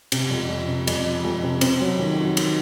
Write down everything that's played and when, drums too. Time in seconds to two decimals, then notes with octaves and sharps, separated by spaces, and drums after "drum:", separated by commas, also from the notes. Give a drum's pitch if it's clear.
0.12 C3, drum: cymbal
0.31 F2
0.49 F2
0.68 C3
0.87 F2, drum: cymbal
1.06 F3
1.25 F2
1.43 C3
1.61 C4, drum: cymbal
1.81 F#3
1.99 D#3
2.18 F#4
2.37 D#3, drum: cymbal